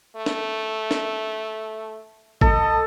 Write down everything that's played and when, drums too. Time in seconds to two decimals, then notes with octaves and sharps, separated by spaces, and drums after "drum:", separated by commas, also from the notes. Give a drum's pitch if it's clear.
0.16 A3
0.26 drum: snare
0.91 drum: snare
2.41 A4 D#5, drum: kick